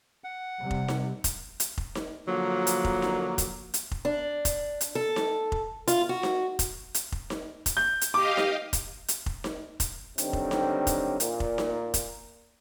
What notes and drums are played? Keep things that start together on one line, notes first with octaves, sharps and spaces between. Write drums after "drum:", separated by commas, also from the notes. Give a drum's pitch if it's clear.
F#5
C3 G3
drum: kick F1
drum: snare D#4
drum: kick F1, hi-hat
drum: hi-hat
drum: kick F1
drum: snare D#4
D3 F3 F#3 A#3
drum: hi-hat
drum: kick F1
drum: snare D#4
drum: kick F1, hi-hat
drum: hi-hat
drum: kick F1
D4
drum: kick F1, hi-hat
drum: hi-hat
A4
drum: snare D#4
drum: kick F1
F4, drum: hi-hat
F#4
drum: snare D#4
drum: kick F1, hi-hat
drum: hi-hat
drum: kick F1
drum: snare D#4
drum: kick F1, hi-hat
G6
drum: hi-hat
G4 D#5 F5 D6
drum: snare D#4
drum: kick F1, hi-hat
drum: hi-hat
drum: kick F1
drum: snare D#4
drum: kick F1, hi-hat
D3 D#3 F#3 G3 C4 D4, drum: hi-hat
drum: kick F1
drum: snare D#4
drum: kick F1, hi-hat
A#2, drum: hi-hat
drum: kick F1
drum: snare D#4
drum: kick F1, hi-hat